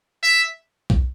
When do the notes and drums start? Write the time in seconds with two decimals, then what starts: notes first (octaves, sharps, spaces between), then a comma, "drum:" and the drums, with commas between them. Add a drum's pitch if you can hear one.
0.23 E5
0.90 drum: kick